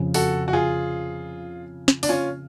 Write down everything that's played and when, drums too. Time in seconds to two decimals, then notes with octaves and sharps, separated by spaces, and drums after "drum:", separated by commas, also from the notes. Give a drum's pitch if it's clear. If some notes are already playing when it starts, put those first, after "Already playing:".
Already playing: F2 C#3 F3
0.14 F#4 A4, drum: open hi-hat
0.48 F#4
0.53 F4 G#4
1.88 drum: snare
2.03 D4, drum: open hi-hat
2.09 C#4 F4